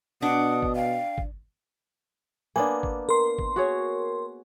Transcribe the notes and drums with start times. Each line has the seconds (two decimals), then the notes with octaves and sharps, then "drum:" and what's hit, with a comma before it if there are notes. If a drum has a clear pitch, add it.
0.22 B2 D4 F#5 D#6
0.62 drum: kick
0.76 F5 G5
1.18 drum: kick
2.56 A#3 B3 D4 G#5
2.83 drum: kick
3.09 A#4 C6
3.38 drum: kick
3.56 F#4 G#4 C#5